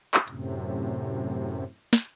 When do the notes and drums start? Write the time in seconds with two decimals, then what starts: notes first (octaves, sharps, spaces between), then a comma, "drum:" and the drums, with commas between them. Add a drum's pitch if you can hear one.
0.14 drum: clap
0.28 F#2 A2 C3, drum: hi-hat
1.93 drum: snare